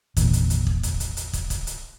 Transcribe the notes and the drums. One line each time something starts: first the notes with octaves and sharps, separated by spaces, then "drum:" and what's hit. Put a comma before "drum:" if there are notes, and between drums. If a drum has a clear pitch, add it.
G#1 E2 A#2 D3, drum: kick, hi-hat
drum: hi-hat
drum: hi-hat
drum: kick
drum: kick, hi-hat
drum: hi-hat
drum: hi-hat
drum: kick, hi-hat
drum: kick, hi-hat
drum: hi-hat